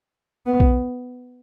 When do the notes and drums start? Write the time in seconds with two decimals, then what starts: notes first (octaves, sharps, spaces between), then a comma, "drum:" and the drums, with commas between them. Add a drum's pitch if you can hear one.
0.46 B3
0.60 drum: kick B1